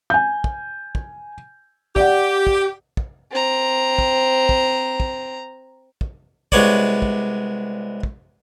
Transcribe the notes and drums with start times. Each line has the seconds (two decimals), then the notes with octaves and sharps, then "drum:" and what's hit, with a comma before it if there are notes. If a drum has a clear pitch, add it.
0.10 G#5 G6
0.44 drum: kick
0.95 drum: kick
1.96 G4 D5 F#5, drum: kick
2.47 drum: kick
2.97 drum: kick
3.32 C4 A#5
3.99 drum: kick
4.49 drum: kick
5.00 drum: kick
6.01 drum: kick
6.52 C2 G#3 B3 C#5 D5, drum: kick
7.02 drum: kick
8.03 drum: kick